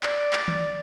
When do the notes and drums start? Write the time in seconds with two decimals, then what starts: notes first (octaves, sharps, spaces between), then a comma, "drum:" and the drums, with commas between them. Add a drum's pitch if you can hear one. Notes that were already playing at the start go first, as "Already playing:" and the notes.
0.03 D5, drum: clap
0.33 drum: clap
0.48 drum: tom